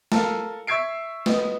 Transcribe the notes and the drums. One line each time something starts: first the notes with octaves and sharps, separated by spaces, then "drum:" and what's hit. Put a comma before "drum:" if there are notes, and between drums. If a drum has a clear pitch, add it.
A4 A#4 F5, drum: snare
E5 C#6 E6 G#6 C7 D7
B3 D#5, drum: snare